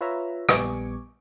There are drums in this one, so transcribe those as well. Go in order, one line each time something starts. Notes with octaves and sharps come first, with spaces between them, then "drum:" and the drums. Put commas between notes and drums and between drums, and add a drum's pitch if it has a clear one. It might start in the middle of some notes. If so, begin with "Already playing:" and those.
F4 B4 C#5 E5 A#5
A#1 G3 B3 G#5 C#6 D6, drum: rim click